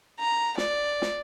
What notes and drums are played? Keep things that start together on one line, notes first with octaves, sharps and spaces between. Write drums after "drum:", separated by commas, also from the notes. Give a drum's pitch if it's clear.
A#5
D5, drum: snare
drum: snare